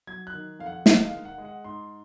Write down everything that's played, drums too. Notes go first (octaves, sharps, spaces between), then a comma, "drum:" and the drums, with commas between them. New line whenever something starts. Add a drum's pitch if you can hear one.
F#3 G#6
F#6
D#3
F2 F5
F#5
G#3 D#5, drum: snare
F5
D#3
F#5
G#3
F#5
G#2 C6